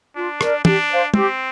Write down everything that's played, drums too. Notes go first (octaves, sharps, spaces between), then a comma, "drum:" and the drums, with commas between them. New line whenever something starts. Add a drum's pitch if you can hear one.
D4 F4
A#4 D5, drum: rim click
D4 G4, drum: tom
C5 F5
C4 G4, drum: tom